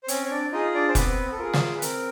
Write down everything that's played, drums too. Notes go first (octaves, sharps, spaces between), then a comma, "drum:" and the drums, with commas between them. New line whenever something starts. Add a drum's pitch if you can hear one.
C5
C4 C#4 C#5, drum: hi-hat
C#5
D4 D5
D#4 F4 G#4 D#5
D4 D5
C5
B3 C4 B4, drum: kick F1, hi-hat
A4
F4 G#4 A#4
drum: snare
B4
C4 A#4, drum: hi-hat